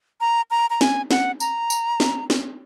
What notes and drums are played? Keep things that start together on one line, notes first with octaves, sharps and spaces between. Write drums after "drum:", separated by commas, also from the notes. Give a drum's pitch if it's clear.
A#5
A#5
A#5
G#5, drum: snare
F#5, drum: snare
A#5, drum: tambourine
drum: tambourine
drum: snare
drum: snare